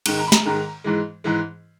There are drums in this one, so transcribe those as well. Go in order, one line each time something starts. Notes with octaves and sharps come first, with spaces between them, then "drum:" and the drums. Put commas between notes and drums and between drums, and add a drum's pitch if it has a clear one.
G#2 D#3 G#3, drum: cymbal
A#5
B5
A#5, drum: snare
G#2 D#3 G#3 A#5
G#2 E3 G#3
G#2 E3 G#3